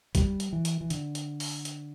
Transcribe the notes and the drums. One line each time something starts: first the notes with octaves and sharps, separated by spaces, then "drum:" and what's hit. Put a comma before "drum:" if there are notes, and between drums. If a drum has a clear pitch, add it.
G3, drum: kick G#1, hi-hat
drum: hi-hat
E3
drum: hi-hat
E3
D3, drum: hi-hat
drum: hi-hat
drum: open hi-hat
drum: hi-hat